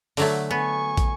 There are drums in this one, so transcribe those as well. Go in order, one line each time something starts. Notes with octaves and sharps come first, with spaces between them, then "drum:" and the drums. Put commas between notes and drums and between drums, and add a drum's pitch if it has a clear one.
D3 F#3 A3, drum: open hi-hat
B3 G#5 C#6
drum: kick, hi-hat